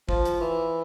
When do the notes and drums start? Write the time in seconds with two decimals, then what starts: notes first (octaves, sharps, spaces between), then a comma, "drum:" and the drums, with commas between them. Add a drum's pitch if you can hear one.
0.09 F3, drum: kick
0.25 drum: hi-hat
0.40 E3